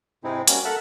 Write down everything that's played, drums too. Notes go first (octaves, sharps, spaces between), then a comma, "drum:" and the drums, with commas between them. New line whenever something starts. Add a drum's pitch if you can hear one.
G#2 C3 G#3 C4 D#4 E4
G3 A#3 C#4 F#4, drum: hi-hat
A4 A#4 E5 F#5 A5 F#6